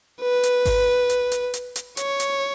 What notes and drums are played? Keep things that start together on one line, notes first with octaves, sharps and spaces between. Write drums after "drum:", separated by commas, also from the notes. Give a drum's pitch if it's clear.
B4
drum: hi-hat
drum: kick G#1, open hi-hat
drum: hi-hat
drum: hi-hat
drum: hi-hat
drum: hi-hat
C#5, drum: hi-hat
drum: hi-hat